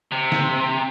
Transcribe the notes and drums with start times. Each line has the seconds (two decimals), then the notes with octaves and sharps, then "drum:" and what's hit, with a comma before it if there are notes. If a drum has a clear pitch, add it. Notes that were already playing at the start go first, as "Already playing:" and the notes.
0.12 C3
0.32 drum: snare